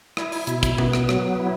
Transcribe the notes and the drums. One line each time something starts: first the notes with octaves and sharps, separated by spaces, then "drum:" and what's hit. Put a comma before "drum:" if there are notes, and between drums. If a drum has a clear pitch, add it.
E4, drum: rim click
drum: open hi-hat
B2, drum: hi-hat
drum: kick, hi-hat
B3, drum: tom B2
drum: rim click
F#3, drum: rim click
E4